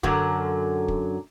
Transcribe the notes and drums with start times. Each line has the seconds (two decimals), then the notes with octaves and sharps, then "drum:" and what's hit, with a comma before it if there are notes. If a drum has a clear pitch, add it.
0.03 F#2 D3 F#3, drum: kick
0.88 drum: kick